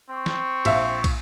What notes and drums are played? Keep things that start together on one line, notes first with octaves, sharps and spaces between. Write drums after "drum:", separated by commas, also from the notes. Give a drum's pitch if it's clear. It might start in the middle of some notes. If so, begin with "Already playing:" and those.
C4 C#6
drum: snare
A#1 E5 F5, drum: cymbal
drum: kick, cymbal